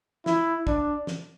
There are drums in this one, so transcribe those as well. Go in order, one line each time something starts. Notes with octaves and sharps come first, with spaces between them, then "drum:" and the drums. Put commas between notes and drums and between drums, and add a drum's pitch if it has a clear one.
E4, drum: snare
D4, drum: kick
drum: snare